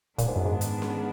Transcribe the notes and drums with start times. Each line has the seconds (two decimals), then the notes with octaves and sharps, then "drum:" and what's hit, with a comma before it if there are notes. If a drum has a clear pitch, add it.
0.18 A#2 D#3 G#3 B3 D4, drum: kick, hi-hat
0.28 G#2
0.36 F#2
0.45 G#2
0.61 drum: hi-hat
0.82 drum: snare C#4